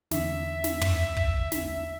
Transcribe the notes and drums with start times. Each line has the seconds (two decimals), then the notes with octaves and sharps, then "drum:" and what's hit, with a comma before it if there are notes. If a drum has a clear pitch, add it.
0.11 E2 D3 E5, drum: snare
0.64 drum: snare
0.81 drum: tom
1.17 drum: kick
1.52 drum: snare